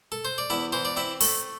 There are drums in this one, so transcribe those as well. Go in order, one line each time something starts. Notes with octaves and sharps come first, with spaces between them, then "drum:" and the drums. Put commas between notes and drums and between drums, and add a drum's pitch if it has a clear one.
A4
C5
D5
E2 E4 E5
E3 C5
D5
C4 E4 E5
A3, drum: open hi-hat